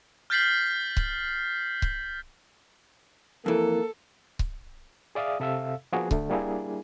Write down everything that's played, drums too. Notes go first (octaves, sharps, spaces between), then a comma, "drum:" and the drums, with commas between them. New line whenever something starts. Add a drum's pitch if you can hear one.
F6 G6 A6 B6 C7 F#7
drum: kick C#1
drum: kick C#1
F2 E3 A#3 A4
drum: kick C#1
G#4 D5 E5 F5 D#6
C3 A4 E5 F5 E6
F3 A#3 B3 F#4 G#4
D3 A3, drum: kick C#1
G3 A#3 D4 E4 G#4